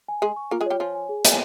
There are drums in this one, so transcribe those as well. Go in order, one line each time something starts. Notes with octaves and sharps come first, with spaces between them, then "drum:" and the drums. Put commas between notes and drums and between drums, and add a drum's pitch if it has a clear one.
G#5
G#3 G#4 G#5
C#6
A#3 F4 A#4
G#3 G#4
G3 G4 C#5
F3 F4 G#5
G#5
G#4
G5, drum: hi-hat